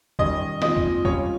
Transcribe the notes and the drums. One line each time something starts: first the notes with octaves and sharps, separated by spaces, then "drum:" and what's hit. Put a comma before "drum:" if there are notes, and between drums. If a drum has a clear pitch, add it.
D#3 G3 C#4 D#5, drum: kick C#2
A#2 G#3 C4 D#4 D#5, drum: snare
drum: kick C#2
G3 C#4 F4 C#5, drum: kick C#2